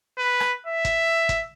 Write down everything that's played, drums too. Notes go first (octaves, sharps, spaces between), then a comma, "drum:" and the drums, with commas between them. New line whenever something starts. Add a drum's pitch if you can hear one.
B4
drum: rim click
E5
drum: kick, hi-hat
drum: kick, hi-hat